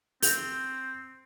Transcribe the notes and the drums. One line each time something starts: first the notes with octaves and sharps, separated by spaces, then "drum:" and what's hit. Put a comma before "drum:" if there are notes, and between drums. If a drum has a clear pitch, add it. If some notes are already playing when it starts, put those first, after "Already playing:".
C4 G6, drum: open hi-hat